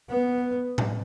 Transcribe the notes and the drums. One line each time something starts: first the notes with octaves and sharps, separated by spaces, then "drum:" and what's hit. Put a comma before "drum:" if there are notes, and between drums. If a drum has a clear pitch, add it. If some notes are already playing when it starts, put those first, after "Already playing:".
B3
drum: tom A2